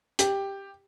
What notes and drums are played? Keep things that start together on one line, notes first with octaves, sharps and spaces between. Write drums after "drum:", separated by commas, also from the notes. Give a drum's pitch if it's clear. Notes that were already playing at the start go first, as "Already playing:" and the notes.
G4, drum: hi-hat